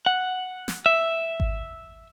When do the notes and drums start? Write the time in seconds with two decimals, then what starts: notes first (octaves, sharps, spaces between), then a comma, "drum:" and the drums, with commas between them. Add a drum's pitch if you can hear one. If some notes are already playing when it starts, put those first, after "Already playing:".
0.06 F#5
0.68 drum: snare
0.86 E5
1.40 drum: kick G#1